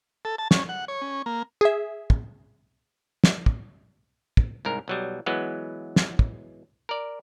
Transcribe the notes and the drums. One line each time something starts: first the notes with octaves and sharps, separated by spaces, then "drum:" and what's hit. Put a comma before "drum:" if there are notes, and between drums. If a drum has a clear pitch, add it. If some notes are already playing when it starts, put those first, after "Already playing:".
A4
A5
C#4, drum: snare
F#5
C#5
C#4
A#3
G#4 E5
drum: kick
drum: snare
drum: kick
drum: kick
C2 G#2 A#4
B1 F#3 G3
E3 F#3 G#3 B3
drum: snare
drum: kick
A#4 D5